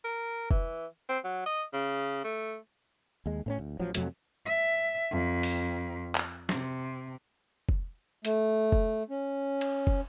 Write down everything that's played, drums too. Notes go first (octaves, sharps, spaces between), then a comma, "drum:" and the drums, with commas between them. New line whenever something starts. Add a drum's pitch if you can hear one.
A#4
E3, drum: kick
C4
F#3
D#5
C#3
A3
D#2 G#3
A2 C4 C#4
D2
A1 F3 F#3
F2 C3 F#3 A3, drum: hi-hat
E5
F2
drum: open hi-hat
drum: clap
C3, drum: snare
drum: kick
A3, drum: hi-hat
drum: kick
C#4
drum: cymbal
drum: kick